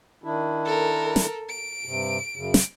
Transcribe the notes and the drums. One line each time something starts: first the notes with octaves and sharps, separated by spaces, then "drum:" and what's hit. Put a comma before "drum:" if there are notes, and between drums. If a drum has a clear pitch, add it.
D#3 D4 E4
A4 A#4
drum: snare
D7
G2 C3
F#2 C#3
drum: snare